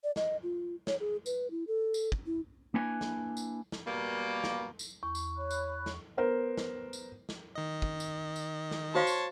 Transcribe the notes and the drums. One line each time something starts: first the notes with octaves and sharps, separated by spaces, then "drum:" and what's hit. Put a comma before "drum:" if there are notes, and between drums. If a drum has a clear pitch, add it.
D5
D#5, drum: snare
F4
C#5, drum: snare
G#4
B4, drum: tambourine
E4
A4
drum: tambourine
drum: kick
E4
A#3 D4 E4 B4 G#5
drum: snare
drum: tambourine
drum: snare
B2 G3 A#3
drum: snare
drum: tambourine
E2 C#6
drum: tambourine
C#5 B5 F#6
drum: tambourine
drum: snare
B3 A#4 C5
drum: snare
drum: tambourine
drum: snare
D#3 D#5
drum: kick
drum: tambourine
drum: tambourine
drum: snare
F#4 C5 C#5 F5 A5 C6
drum: tambourine